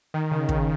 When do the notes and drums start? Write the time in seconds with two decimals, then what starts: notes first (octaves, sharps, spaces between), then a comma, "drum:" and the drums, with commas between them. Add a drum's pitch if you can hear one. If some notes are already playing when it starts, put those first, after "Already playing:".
0.14 D#3
0.31 C#3
0.49 drum: kick